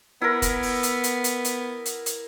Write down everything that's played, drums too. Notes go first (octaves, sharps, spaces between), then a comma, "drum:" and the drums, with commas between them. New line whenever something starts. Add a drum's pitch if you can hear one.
B3 E4 A#4
drum: kick, hi-hat
drum: open hi-hat
drum: hi-hat
drum: hi-hat
drum: hi-hat
drum: hi-hat
drum: hi-hat
drum: hi-hat